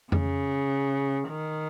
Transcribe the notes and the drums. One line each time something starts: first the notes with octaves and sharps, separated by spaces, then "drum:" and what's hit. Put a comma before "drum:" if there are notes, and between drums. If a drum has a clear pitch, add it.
C#3, drum: tom F2
D#3